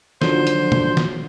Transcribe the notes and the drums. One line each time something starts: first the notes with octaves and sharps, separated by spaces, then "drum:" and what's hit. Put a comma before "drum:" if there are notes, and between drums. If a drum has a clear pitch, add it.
D3 D#3 F3 F#3 C5, drum: snare
drum: hi-hat
drum: tom
drum: snare